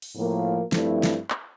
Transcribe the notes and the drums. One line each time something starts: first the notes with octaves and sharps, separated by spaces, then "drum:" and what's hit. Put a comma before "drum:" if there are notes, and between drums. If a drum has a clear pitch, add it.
drum: open hi-hat
A2 F3 A#3
G2 F3 A3 C4 E4, drum: snare
drum: snare
drum: clap